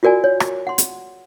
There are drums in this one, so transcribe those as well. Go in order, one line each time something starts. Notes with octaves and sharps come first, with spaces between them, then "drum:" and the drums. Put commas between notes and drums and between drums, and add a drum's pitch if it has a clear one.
F4 F#4 A#4 D5 G#5
C#5
drum: rim click
F#5 C6
drum: hi-hat